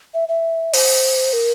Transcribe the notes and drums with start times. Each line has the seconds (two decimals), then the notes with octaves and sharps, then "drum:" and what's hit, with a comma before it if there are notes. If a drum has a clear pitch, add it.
0.14 E5
0.29 E5
0.74 C5, drum: open hi-hat
1.33 A#4